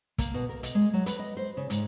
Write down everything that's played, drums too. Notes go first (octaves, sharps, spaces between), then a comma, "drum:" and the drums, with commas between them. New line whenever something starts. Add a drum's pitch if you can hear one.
A#3, drum: kick, hi-hat
B2
A#4
D#5, drum: hi-hat
G#3
F#3
B4, drum: hi-hat
D#5
C5
C#3
G#2, drum: hi-hat